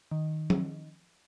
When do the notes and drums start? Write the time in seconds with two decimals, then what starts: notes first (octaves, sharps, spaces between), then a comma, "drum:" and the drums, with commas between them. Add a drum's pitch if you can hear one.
0.11 D#3
0.50 drum: tom F3